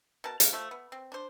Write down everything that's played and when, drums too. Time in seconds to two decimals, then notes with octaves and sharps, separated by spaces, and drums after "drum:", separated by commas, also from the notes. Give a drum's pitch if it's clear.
0.24 B2 A#4 A5
0.40 F5, drum: hi-hat
0.53 F3 A3
0.71 B3
0.92 C4
1.12 D4 C5